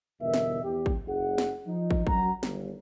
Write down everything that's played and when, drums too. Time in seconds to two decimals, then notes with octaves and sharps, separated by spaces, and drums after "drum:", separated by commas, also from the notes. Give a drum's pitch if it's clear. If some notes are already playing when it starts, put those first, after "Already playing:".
0.21 G1 E2 B2 A#4 D#5 E5
0.34 drum: snare
0.63 E2 G4
0.86 drum: kick
1.07 F#1 G#4 F#5
1.38 drum: snare
1.66 F3 D#4
1.91 drum: kick
2.07 F#2 F#3 F#5 A#5, drum: kick
2.43 G1 D#2, drum: snare